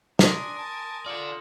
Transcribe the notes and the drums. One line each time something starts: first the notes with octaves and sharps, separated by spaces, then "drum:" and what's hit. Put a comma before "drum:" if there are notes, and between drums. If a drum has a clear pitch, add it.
D4 A#4 G#5 C6 D#6 A#6, drum: snare
A5
F4 A4 D5 F6 C#7 F#7